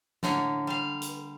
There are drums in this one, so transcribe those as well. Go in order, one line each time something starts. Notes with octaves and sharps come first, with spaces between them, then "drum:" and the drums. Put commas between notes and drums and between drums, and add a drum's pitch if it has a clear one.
A2 D3 A#3, drum: snare
G3 F5
drum: hi-hat